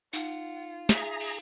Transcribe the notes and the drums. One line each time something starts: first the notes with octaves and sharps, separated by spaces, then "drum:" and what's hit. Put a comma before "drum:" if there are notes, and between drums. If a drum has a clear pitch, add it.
D#4 F4 F#5
G#4 E5 A#5, drum: snare
drum: cymbal